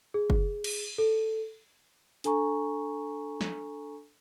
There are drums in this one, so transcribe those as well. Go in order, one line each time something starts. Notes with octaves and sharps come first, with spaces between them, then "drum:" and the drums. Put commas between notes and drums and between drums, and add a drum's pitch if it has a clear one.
G#4
drum: kick F#1
drum: cymbal
A4
D4 A4 G#5 A#5 C#6, drum: hi-hat
drum: snare